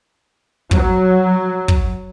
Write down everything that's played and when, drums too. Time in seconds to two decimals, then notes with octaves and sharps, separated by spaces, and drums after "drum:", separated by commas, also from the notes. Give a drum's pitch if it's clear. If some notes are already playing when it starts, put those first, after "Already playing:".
0.71 F#3, drum: kick
1.68 drum: kick